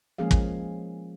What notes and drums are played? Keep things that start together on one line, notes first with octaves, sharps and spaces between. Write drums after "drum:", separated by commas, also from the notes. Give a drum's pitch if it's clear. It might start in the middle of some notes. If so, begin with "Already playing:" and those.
F3 G#3 A#3 C#4 G#4 F5
drum: kick